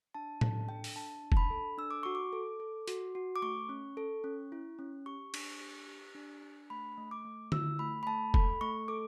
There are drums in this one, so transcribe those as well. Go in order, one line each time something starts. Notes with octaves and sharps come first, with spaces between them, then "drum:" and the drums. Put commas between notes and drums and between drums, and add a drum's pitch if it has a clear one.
D4 A5
A4 A5, drum: tom A2
D4 G5
drum: open hi-hat
D4 A5
D4
A5, drum: kick
B5
A4
D4 E6
D6
F#4 C#6
D6
A4
A4
F#4, drum: hi-hat
F#4
D6
A3 C#6
C#4
A4
C#4
E4
C#4
G4 C#6
D4, drum: cymbal
G4
G4
D4
D4
A3 B5
A3
D6
A3
E4 E6, drum: tom D3
A3 B5
B5
A3 A5
A4 B5, drum: kick
A3 C#6
A4 D6